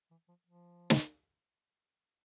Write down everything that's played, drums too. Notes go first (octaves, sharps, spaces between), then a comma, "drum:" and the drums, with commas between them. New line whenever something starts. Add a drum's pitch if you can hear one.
E3
F3
F3
drum: snare